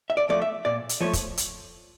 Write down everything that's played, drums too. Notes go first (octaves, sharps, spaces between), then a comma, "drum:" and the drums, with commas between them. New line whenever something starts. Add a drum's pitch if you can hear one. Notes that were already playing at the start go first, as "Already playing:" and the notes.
E5
D5
F3 A3 D5
E5
A#2 D5
drum: hi-hat
F3 A3 C#5
drum: kick, hi-hat
drum: hi-hat